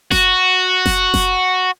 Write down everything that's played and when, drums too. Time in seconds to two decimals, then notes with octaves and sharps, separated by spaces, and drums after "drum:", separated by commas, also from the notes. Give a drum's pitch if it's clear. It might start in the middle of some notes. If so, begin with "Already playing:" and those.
0.11 F#4, drum: snare F#1
0.86 drum: snare F#1
1.14 drum: snare F#1